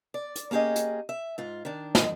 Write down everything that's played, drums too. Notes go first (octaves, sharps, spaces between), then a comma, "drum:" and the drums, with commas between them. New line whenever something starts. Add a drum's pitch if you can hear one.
D5
drum: hi-hat
A#3 C#4 G4 G#4 D#5
drum: hi-hat
E5
G#2 F4
D#3 D4
D#5, drum: snare